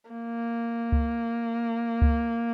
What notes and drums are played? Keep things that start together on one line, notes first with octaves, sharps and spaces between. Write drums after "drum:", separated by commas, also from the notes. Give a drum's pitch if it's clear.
A#3
drum: kick C#2
drum: kick C#2